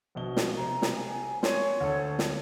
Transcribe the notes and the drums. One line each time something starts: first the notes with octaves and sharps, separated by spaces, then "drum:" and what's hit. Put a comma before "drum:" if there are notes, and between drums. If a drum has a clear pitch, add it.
A#1 B2 G7
drum: snare
C3 C4 A#5
drum: snare
G#5
C#5 C6 D#7, drum: snare
D2 A4
drum: snare